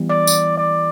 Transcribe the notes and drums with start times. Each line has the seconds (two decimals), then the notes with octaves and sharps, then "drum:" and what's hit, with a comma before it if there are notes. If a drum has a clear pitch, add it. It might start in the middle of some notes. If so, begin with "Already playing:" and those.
Already playing: E3 G3 B3
0.10 D5
0.27 drum: tambourine
0.58 D5